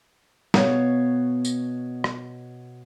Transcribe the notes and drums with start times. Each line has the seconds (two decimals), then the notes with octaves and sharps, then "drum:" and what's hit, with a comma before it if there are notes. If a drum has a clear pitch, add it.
0.54 B2 B3 C#5 F5, drum: snare
1.45 drum: tambourine
2.04 drum: rim click